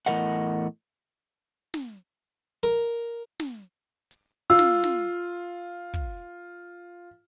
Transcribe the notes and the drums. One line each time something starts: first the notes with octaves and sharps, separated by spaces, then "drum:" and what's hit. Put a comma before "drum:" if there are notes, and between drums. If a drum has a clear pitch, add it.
E2 A2 F3 A#4 D#5 F#5
drum: snare
A#4
drum: snare
drum: hi-hat
F4 E6
drum: snare
drum: snare
drum: kick